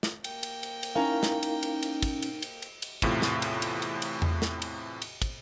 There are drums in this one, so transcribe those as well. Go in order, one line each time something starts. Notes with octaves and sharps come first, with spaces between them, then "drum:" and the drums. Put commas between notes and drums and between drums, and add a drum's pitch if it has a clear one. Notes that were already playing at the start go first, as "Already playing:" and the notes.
drum: snare
A#3 G5, drum: cymbal
drum: cymbal
drum: cymbal
drum: cymbal
C#4 D#4 E4 A#4 F5 A#5
drum: snare
drum: cymbal
drum: cymbal
drum: cymbal
drum: kick, cymbal
drum: cymbal
drum: cymbal
drum: cymbal
drum: cymbal
E2 A2 C3 F4, drum: kick, cymbal
drum: snare
drum: cymbal
drum: cymbal
drum: cymbal
drum: cymbal
drum: tom E2
drum: snare
drum: cymbal
drum: cymbal
drum: kick, cymbal